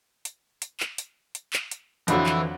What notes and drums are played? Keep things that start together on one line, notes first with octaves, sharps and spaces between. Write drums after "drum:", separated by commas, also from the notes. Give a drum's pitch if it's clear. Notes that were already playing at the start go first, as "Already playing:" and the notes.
drum: hi-hat
drum: hi-hat
drum: clap
drum: hi-hat
drum: hi-hat
drum: clap
drum: hi-hat
F2 D3 E3 F#3 B5, drum: hi-hat
drum: clap